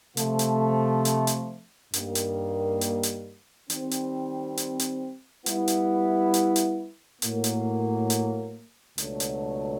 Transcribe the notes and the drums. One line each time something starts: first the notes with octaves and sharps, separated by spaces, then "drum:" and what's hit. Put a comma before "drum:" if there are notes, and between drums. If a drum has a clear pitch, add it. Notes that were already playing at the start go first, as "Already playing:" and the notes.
C3 F3 A3, drum: hi-hat
drum: hi-hat
drum: hi-hat
drum: hi-hat
G2 D#3 G3 A#3, drum: hi-hat
drum: hi-hat
drum: hi-hat
drum: hi-hat
D#3 G3 C4, drum: hi-hat
drum: hi-hat
drum: hi-hat
drum: hi-hat
G3 B3 E4, drum: hi-hat
drum: hi-hat
drum: hi-hat
drum: hi-hat
A2 F#3 A#3, drum: hi-hat
drum: hi-hat
drum: hi-hat
C#2 B2 F#3 A3 D4, drum: hi-hat
drum: hi-hat